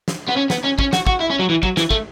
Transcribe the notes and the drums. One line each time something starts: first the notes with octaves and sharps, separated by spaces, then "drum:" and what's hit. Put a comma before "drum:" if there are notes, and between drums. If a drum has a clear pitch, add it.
drum: snare
B3
C#4
B3, drum: snare
C#4
C#4, drum: kick
F#4, drum: snare
F#4, drum: kick
E4
C#4
F#3
E3
F#3, drum: kick
E3, drum: snare
A3, drum: kick